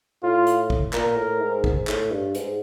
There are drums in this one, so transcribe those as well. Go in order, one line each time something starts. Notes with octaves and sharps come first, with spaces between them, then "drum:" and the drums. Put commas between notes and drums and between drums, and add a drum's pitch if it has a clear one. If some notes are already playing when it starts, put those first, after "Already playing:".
A2 F4
drum: hi-hat
drum: kick
A#2 A#4, drum: clap
A2
G#2
G#2, drum: kick
A2, drum: clap
G2
G#2, drum: hi-hat